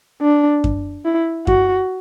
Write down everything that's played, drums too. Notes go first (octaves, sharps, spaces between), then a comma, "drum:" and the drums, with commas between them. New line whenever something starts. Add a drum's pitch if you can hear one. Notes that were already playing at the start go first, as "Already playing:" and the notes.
D4
drum: kick F#2
E4
F#4, drum: kick F#2